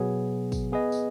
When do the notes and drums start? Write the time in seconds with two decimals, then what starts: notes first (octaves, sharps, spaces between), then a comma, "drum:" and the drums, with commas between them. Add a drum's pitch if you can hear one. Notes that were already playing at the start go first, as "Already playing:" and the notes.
Already playing: B2 F#3 B3 G#4
0.52 drum: kick, tambourine
0.72 B3 G#4 B4 D#5
0.92 drum: tambourine